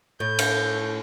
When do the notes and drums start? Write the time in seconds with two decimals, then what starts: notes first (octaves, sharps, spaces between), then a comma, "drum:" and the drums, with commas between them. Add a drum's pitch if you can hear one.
0.20 A2 G6
0.39 drum: cymbal